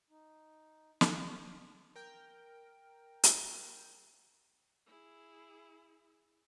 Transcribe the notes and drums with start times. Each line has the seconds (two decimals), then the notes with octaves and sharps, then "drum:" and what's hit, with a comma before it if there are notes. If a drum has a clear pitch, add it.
0.10 D#4
1.01 drum: snare
1.96 A#4 G5
3.23 drum: hi-hat
4.86 E4 G#4